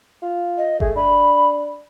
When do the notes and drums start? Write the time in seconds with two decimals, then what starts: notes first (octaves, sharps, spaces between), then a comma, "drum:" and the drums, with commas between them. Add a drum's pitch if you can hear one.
0.22 F4
0.57 D#5
0.80 A3 G#4, drum: kick G1
0.96 D4 B5